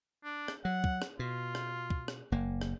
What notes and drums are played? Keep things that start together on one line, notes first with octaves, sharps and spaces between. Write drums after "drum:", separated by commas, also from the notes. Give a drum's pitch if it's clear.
D4
drum: rim click
F#3 F#5
drum: kick
drum: rim click
B2 F4
drum: rim click
drum: kick
drum: rim click
F#1 A#3
drum: rim click